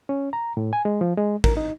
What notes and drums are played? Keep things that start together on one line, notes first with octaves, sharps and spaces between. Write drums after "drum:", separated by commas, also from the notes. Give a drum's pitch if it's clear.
C#4
A#5
A2
G#5
G#3
F3
G#3
A#4, drum: kick
D#4